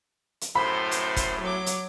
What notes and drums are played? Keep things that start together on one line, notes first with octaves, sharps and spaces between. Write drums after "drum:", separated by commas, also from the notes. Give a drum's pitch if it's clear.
drum: hi-hat
F#2 A2 C5 B5
drum: hi-hat
drum: kick, hi-hat
F#3 D6
drum: hi-hat